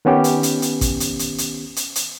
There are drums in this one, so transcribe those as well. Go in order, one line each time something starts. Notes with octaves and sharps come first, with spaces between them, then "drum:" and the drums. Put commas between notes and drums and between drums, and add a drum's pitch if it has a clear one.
D#3 B3 C#4 G4
drum: hi-hat
drum: hi-hat
drum: hi-hat
drum: kick, hi-hat
drum: hi-hat
drum: hi-hat
drum: hi-hat
drum: hi-hat
drum: hi-hat